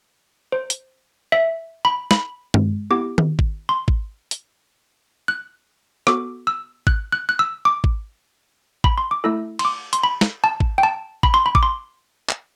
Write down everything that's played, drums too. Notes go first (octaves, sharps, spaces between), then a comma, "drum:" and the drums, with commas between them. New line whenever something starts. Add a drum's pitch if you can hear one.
C5
drum: hi-hat
E5
B5
B5, drum: snare
drum: tom
B3 E4 G4 D6
drum: tom D#3
drum: kick G#1
C6
drum: kick G#1
drum: hi-hat
F#6
B3 F#4 A4 D6, drum: rim click
E6
F#6, drum: kick G#1
F#6
F#6
E6
D6
drum: kick G#1
B5, drum: kick G#1
C6
D6
A3 E4 A4 E6
C6, drum: cymbal
D6
C6, drum: hi-hat
B5
drum: snare
A5
drum: kick G#1
G5
A5
B5, drum: kick G#1
C6
B5
D6, drum: kick G#1
C6
drum: clap